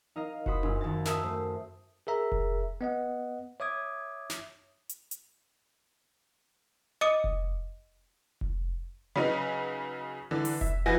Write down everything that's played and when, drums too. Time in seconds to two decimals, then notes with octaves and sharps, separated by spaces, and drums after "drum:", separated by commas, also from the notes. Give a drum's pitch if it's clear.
0.16 D#4 A#4 D#5 F5
0.46 F#4 C5 B5 D#6, drum: kick F1
0.63 F#2 A#2, drum: tom D4
0.81 D#2 A6
1.05 A#4 E5 A5 D#6 E6, drum: snare
1.23 A3 C5
2.07 G#4 A#4 E5 A#5
2.32 drum: kick F1
2.81 B3 D#5 F#5
3.60 C#5 E5 D6 D#6 G#6
4.30 drum: snare
4.89 drum: hi-hat
5.11 drum: hi-hat
7.01 D#5 D6 D#6 C#7 D#7
7.24 drum: kick F1
8.41 drum: kick F1
9.16 C#3 F#3 C#4 D#4 B4
10.31 D3 E3
10.45 drum: open hi-hat
10.61 E5, drum: kick F1
10.86 F3 E4 F#4 B4 G#5 A#6